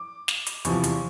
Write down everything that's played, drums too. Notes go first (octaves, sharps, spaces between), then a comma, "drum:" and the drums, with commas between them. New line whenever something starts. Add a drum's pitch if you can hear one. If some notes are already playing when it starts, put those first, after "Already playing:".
Already playing: D6
drum: snare
drum: hi-hat
E2 C3 F3 C#6, drum: hi-hat
drum: hi-hat